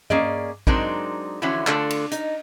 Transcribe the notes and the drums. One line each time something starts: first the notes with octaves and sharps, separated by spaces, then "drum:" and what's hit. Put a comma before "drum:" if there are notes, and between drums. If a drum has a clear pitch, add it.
A#3 C#4 G#4 D5 D#5, drum: tom G2
F#3 G#3 C4 D4 D#4 A#4, drum: kick
D3 E3 F3 C#4 E4 F#4
D3 A3 D4 F4 A4, drum: clap
drum: cymbal
D#4, drum: hi-hat